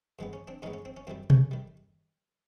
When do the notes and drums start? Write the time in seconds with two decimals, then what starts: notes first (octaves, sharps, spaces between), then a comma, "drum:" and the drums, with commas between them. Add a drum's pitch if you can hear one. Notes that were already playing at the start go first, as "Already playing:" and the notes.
0.19 G2 D#3 G#3 B3
0.33 C#4
0.48 C4 D4
0.62 G2 D#3 G#3 B3 C#4 D#4
0.74 C#4
0.85 C4
0.97 C#4
1.07 F#2 D#3 G3 C4
1.30 C#4, drum: tom B2
1.51 D#3 G3